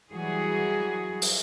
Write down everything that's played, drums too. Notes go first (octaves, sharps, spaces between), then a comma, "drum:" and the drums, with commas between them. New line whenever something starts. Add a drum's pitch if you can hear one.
E3 F#3 G3 F#4 G#4
drum: open hi-hat